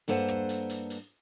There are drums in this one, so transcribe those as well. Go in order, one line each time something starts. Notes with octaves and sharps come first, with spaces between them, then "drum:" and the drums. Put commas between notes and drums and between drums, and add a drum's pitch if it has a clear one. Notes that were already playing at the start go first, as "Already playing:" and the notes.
G2 A#3 A4 B4 C5 F#5, drum: hi-hat
drum: rim click
drum: hi-hat
drum: hi-hat
drum: hi-hat